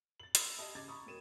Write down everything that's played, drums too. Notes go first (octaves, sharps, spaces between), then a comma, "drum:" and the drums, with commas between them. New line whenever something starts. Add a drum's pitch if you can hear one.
A6 F#7
B5 C6 D#6 E6 G#6, drum: hi-hat
G4 D#5 A5
C#3 D6 G#6 A6
A#5 B5 C#6 D#6
E1 A#4 D#7 E7